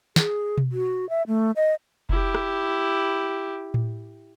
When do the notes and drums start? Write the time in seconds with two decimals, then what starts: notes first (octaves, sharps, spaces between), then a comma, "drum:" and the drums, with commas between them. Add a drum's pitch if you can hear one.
0.16 G#4, drum: snare
0.58 drum: tom B2
0.72 F#4
1.09 E5
1.27 A3
1.56 D#5
2.09 E4 G4, drum: kick F1
2.35 drum: rim click
3.74 drum: tom A2